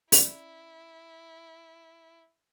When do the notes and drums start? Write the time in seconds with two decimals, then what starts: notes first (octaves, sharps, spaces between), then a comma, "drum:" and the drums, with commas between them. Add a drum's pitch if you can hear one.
0.12 C#4 E4 D5, drum: open hi-hat